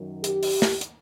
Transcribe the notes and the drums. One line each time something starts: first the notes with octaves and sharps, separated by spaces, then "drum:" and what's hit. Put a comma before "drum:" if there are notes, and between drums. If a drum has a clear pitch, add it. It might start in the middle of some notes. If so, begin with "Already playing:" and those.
Already playing: F#2 D#3 F#3
G4, drum: hi-hat
drum: open hi-hat
drum: snare
drum: hi-hat